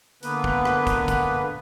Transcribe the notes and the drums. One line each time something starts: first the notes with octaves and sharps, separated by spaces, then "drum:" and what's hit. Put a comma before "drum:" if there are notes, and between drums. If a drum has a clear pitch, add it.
D3 A#3 B3 B4, drum: hi-hat
drum: kick
drum: rim click
drum: kick, hi-hat
drum: kick, hi-hat